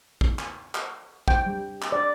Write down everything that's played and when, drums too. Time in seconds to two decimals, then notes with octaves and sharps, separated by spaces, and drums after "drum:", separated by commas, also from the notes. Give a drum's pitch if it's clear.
0.21 drum: kick
0.39 drum: clap
0.75 drum: clap
1.28 G5, drum: kick
1.46 G3
1.82 drum: clap
1.92 D5